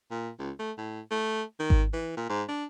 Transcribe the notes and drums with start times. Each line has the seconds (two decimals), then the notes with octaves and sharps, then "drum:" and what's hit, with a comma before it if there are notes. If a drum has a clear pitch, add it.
0.11 A#2
0.39 C#2
0.59 A3
0.78 A2
1.11 A3
1.59 D#3
1.70 drum: kick G#1
1.93 E3
2.17 A#2
2.29 G#2
2.48 D4